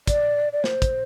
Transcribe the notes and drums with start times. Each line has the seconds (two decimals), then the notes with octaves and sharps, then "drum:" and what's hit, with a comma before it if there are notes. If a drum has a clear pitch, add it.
0.07 D5, drum: kick, hi-hat
0.53 D5
0.64 C5, drum: snare
0.82 drum: kick, hi-hat